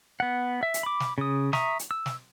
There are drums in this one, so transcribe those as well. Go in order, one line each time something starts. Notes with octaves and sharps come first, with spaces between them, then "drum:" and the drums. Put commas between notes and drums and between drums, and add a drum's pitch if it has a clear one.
B3 F#5
E5
drum: hi-hat
B5 D6
drum: snare
C#3 D#6
E5 A#5 C#6 D#6, drum: snare
drum: hi-hat
E6
drum: snare